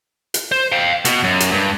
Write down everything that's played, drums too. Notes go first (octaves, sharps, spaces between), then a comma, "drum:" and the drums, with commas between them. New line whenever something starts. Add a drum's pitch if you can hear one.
drum: hi-hat
C5
F5 G5
B2, drum: hi-hat
F#2
drum: hi-hat
G2